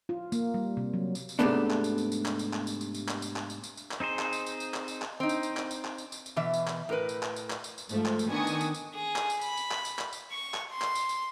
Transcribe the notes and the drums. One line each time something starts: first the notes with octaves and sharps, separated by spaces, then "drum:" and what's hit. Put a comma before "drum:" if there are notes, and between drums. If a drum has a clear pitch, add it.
F4
A#3, drum: tambourine
G3
C3
F#3
drum: tambourine
drum: tambourine
G#2 C3 A3 B3 D4
drum: clap
drum: tambourine
drum: tambourine
drum: tambourine
drum: clap
drum: tambourine
drum: clap
drum: tambourine
drum: tambourine
drum: tambourine
drum: clap
drum: tambourine
drum: clap
drum: tambourine
drum: tambourine
drum: tambourine
drum: clap
C4 D#4 G#4 C5
drum: clap
drum: tambourine
drum: tambourine
drum: tambourine
drum: clap
drum: tambourine
drum: clap
C4 D#4
drum: tambourine
drum: tambourine
drum: clap
drum: tambourine
drum: clap
drum: tambourine
drum: tambourine
drum: tambourine
B2 E3 E5
drum: tambourine
drum: clap
A2 A#4 B4
drum: tambourine
drum: clap
drum: tambourine
drum: clap
drum: tambourine
drum: tambourine
G#2 F3 A3, drum: tambourine
drum: clap
drum: tambourine
D#3 B3 D4 G#5 C#6 D#6
drum: tambourine
drum: tambourine
drum: tambourine
G#4
drum: clap
drum: tambourine
B5, drum: tambourine
drum: tambourine
drum: clap
drum: tambourine
drum: clap
drum: tambourine
C#6
drum: clap
C6
drum: clap
drum: tambourine
drum: tambourine